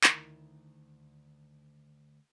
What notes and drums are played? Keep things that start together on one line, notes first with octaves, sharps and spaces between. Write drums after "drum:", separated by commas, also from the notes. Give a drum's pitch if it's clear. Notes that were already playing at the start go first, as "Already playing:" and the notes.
D3 D#3 A3 E4 A#4, drum: clap